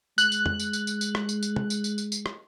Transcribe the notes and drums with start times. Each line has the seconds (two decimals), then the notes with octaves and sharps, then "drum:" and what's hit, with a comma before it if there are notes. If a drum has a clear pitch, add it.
0.18 G#3 F#6, drum: tambourine
0.32 drum: tambourine
0.46 drum: tom
0.59 drum: tambourine
0.73 drum: tambourine
0.87 drum: tambourine
1.01 drum: tambourine
1.15 drum: rim click
1.29 drum: tambourine
1.43 drum: tambourine
1.56 drum: tom
1.70 drum: tambourine
1.84 drum: tambourine
1.98 drum: tambourine
2.12 drum: tambourine
2.26 drum: rim click